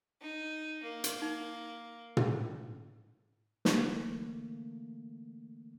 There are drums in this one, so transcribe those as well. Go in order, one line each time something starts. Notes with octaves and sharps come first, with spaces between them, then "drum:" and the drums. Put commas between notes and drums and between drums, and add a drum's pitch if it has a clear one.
D#4
A#3
drum: hi-hat
D#4
drum: tom
D3 E3 A3 A#3, drum: snare